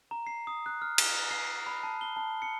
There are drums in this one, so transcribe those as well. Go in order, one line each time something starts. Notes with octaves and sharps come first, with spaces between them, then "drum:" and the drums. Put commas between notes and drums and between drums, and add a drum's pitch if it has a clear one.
A#5
C7
D#6
F#6
F6
drum: cymbal
C7
B5
A5
G7
A5
C#7